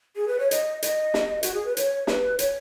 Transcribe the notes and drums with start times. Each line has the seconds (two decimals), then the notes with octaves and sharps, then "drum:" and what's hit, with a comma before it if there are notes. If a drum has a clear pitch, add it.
0.16 G#4
0.28 B4
0.39 C#5
0.51 D#5, drum: hi-hat
0.83 D#5, drum: hi-hat
1.14 drum: snare
1.43 F#4, drum: hi-hat
1.54 G#4
1.65 B4
1.77 C#5, drum: hi-hat
2.07 B4, drum: snare
2.39 C#5, drum: hi-hat